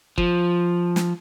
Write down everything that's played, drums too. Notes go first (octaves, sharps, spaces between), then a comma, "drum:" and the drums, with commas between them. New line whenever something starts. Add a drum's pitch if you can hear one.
F3, drum: kick
drum: snare